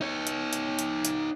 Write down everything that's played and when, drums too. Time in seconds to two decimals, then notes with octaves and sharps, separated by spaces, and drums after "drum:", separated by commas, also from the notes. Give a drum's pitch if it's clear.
0.01 D#4 C#5
0.27 drum: hi-hat
0.53 drum: hi-hat
0.79 drum: hi-hat
1.05 drum: hi-hat